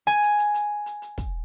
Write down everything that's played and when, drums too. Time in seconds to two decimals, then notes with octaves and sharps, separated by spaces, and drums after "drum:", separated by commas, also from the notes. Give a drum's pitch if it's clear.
0.07 G#5
0.23 drum: hi-hat
0.39 drum: hi-hat
0.54 drum: hi-hat
0.86 drum: hi-hat
1.02 drum: hi-hat
1.18 drum: kick, hi-hat